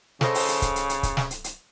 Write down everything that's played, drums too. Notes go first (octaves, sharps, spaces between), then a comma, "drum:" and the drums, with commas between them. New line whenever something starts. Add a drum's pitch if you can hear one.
C#3 A4 C5 D#5, drum: snare
drum: open hi-hat
drum: hi-hat
drum: kick C#1, hi-hat
drum: hi-hat
drum: hi-hat
drum: kick C#1, hi-hat
drum: snare
drum: hi-hat
drum: hi-hat